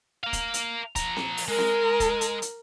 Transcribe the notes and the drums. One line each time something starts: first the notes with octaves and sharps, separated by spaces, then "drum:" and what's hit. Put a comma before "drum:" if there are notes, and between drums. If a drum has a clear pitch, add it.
A#4 F5
drum: kick, hi-hat
drum: hi-hat
F3 A#5, drum: kick, hi-hat
drum: snare C4
drum: open hi-hat
G#3 A#4
drum: snare C4
drum: kick, hi-hat
drum: hi-hat
drum: hi-hat